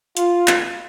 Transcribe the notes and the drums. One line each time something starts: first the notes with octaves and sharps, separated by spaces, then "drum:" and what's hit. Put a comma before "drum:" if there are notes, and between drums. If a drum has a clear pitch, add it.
F4, drum: hi-hat
drum: clap